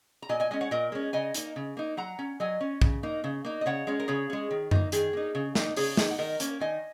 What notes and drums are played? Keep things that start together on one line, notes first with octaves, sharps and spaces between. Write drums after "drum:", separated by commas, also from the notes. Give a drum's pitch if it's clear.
A#5
A#2 D#5 G#5
D#5 G#5
G#3 C#4 D#5 G#5
C#5 F#5
A#2 A#4 D#5
G#3 C#4
C#3 D#5 G#5
A#3 D#4, drum: hi-hat
C#3
A#3 D#4
F#3 F#5 A#5
C#4
F#3 D#5 G#5
C#4
C#3, drum: kick
A#3 D#4
C#3
A#3 D#4
D#5
C#3 C#5 F#5
G#3 C#4
A#4
C#3 G#4 C#5
G#3 C#4
D#3
A#3 D#4, drum: tom F#2
D#3 G#4, drum: hi-hat
A#3 D#4
C#3
A#3 D#4, drum: snare
C#3 G#4 C#5, drum: open hi-hat
A#3 D#4, drum: snare
F#5
D#3 A#4 D#5
A#3 C#4, drum: hi-hat
D#3 D#5 G#5